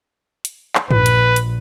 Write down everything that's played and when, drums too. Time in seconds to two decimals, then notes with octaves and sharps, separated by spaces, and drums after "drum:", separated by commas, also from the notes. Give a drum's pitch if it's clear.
0.45 drum: hi-hat
0.75 drum: clap
0.91 A#1 B4, drum: tom
1.06 drum: hi-hat
1.36 drum: hi-hat